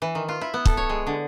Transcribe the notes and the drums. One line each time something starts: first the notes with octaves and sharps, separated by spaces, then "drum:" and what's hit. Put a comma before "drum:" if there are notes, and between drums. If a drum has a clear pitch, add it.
E3
D#3
F4
E4
B3
A4, drum: kick
C#5
G#3
D3